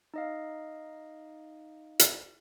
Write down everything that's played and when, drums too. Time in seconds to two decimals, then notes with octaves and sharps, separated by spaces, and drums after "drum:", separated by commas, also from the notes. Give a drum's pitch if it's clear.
0.14 D#4 D#5 F5
1.99 drum: hi-hat